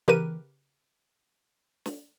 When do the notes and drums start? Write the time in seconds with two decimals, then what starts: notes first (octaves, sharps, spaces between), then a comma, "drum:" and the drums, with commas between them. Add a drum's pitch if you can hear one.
0.08 C#3 G4 A#4 B4 D#7, drum: tom E3
1.86 drum: snare